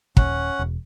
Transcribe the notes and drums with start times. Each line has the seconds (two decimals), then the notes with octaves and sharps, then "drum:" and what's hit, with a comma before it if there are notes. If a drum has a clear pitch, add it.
0.17 D#1 C#4 F#5, drum: kick
0.59 E1